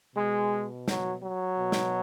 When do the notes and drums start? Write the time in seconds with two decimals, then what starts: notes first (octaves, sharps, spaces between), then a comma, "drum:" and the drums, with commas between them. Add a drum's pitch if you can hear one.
0.15 B2 G#3
0.88 F#3, drum: snare
1.23 F#3
1.59 B2
1.72 drum: snare